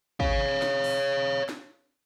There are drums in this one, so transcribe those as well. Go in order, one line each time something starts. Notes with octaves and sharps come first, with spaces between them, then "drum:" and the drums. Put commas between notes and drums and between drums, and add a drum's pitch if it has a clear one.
C#5 F5, drum: kick
drum: snare
drum: open hi-hat
drum: snare